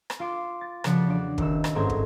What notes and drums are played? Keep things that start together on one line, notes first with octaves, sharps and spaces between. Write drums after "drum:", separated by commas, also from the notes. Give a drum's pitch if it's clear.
drum: rim click
F4 C6 D6
A6
C#3 F3 F#4 B4 D5 C#7, drum: rim click
E2 D4 D5
D#1 D#3 E6, drum: kick
drum: rim click
G1 G#2 C4 C#4 A#5 G#6
drum: kick